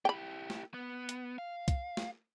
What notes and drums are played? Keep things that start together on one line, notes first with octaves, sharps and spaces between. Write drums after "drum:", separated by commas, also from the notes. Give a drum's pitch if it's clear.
E4 G4 G5 B5
drum: snare
B3
drum: hi-hat
F5
drum: kick, hi-hat
drum: snare